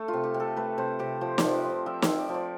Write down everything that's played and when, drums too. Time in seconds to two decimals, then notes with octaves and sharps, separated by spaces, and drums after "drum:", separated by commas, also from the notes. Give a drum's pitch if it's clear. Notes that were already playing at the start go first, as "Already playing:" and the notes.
Already playing: A3 A4
0.08 F4
0.13 C3
0.24 G4
0.34 C3
0.40 A4
0.56 A3 B4
0.78 C3 C5
0.99 C3 G4
1.21 F3 C5
1.38 D5, drum: snare
1.43 F3
1.54 B4
1.65 C4
1.70 C5
1.86 F3 E5
2.02 E5, drum: snare
2.08 C4
2.18 D5
2.29 F3
2.34 D5